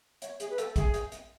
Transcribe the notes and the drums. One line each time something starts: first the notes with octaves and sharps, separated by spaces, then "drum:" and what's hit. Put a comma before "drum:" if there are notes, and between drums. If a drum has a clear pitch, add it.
C#5, drum: hi-hat
G#4, drum: hi-hat
B4
A4, drum: hi-hat
G#4, drum: kick, hi-hat
drum: hi-hat
drum: hi-hat